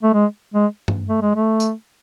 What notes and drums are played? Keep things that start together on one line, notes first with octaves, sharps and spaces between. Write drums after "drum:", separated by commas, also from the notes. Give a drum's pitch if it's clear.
A3
G#3
G#3
drum: tom G2
A3
G#3
A3
drum: tambourine